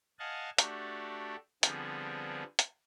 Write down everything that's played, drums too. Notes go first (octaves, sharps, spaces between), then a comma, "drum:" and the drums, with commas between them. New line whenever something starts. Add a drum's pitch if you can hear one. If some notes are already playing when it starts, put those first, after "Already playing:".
D#5 F5 F#5 G#5 A5
A3 D4 F#4 G4, drum: hi-hat
D3 F3 G3 B3 C4 G#4, drum: hi-hat
drum: hi-hat